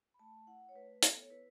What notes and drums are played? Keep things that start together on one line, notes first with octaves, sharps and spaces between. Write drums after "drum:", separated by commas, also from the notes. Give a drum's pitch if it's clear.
B5
A3 A5
E4 F#5
C#5
A3 B4
B3 A4, drum: hi-hat
C#5
E4 B4